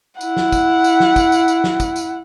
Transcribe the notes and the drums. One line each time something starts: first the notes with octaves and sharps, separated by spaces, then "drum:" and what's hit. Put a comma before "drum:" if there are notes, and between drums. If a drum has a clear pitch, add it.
E4 F#5, drum: tambourine
drum: snare
drum: kick, tambourine
drum: tambourine
drum: snare
drum: kick, tambourine
drum: tambourine
drum: tambourine
drum: snare
drum: kick, tambourine
drum: tambourine